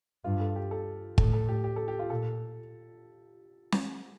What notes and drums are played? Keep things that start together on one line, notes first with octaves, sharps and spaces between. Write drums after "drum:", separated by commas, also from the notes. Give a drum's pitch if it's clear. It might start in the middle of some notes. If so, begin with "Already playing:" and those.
G2 F4
A4
G4
A4
A2 A4, drum: kick
A4
G4
G4
A4
G4
F4
A#2 A4
drum: snare